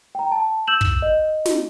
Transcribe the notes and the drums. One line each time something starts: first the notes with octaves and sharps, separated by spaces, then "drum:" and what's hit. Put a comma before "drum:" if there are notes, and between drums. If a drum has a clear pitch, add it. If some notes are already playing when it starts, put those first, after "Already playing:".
G5 A#5
A5
E6 G6 E7 F#7
drum: kick
D#5
drum: snare